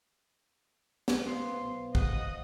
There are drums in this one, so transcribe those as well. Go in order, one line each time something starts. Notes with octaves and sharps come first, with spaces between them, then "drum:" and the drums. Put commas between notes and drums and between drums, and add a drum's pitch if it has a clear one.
drum: snare
B3 C5 F5 C6
B1
D#5 F#5 D#6, drum: kick